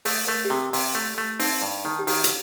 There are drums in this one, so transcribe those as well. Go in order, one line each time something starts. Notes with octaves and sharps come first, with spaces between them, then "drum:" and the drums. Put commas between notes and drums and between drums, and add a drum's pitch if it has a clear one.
A3 A4, drum: open hi-hat
A3 A#4
G4
C3 A4
C3, drum: open hi-hat
A3
A3
C4 D#4, drum: open hi-hat
G2
D#3 D#4
G4
D#3 F#4, drum: open hi-hat
drum: hi-hat